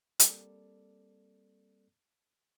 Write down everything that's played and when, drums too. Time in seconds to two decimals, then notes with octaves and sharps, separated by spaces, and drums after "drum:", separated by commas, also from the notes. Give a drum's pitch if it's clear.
0.20 G3 A#3 C4 A4 D5, drum: hi-hat